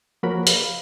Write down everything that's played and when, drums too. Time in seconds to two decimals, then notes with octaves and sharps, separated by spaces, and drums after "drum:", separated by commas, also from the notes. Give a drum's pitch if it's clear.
0.23 F3 A#3 F#4 A#4 C#5 B5
0.47 F5 B5, drum: hi-hat